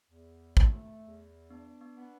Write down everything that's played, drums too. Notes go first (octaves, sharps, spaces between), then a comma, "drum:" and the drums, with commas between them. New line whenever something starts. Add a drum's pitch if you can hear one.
E2
A3, drum: kick
E2
B3 D4
B3
B3